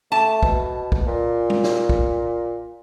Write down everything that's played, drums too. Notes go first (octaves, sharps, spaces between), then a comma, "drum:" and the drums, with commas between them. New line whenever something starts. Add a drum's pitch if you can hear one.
A3 A5
B2, drum: kick
drum: kick
A#2
drum: tom G3
drum: snare
drum: kick